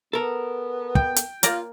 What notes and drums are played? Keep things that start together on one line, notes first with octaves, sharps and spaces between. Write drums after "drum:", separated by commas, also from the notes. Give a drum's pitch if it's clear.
B3 A4 A#4
G5, drum: kick
drum: hi-hat
A#3 F4 D5 A#5, drum: hi-hat